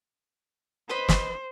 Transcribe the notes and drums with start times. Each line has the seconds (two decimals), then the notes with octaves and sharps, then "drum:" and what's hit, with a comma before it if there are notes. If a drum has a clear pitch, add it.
0.89 B4 C5 D#5 B5
1.09 drum: snare